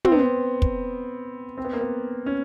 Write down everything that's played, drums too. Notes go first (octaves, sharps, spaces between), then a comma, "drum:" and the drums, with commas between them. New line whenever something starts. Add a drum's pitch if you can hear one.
C4, drum: tom
B3
C4
drum: kick
C4
B3
A#3
B3
C#4